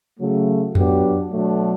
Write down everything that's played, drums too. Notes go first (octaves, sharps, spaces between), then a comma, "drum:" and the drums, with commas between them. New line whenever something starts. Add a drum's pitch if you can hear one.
C#3 F#3 A3
F#3 B3 D4 G4, drum: tom F2
B2 F#3 A3 D4